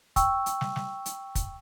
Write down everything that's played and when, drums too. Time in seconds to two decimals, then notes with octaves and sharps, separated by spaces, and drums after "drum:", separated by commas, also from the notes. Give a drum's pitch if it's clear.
0.16 G5 C#6 E6, drum: kick, hi-hat
0.46 drum: hi-hat
0.61 drum: snare
0.76 drum: snare
1.06 drum: hi-hat
1.35 drum: kick, hi-hat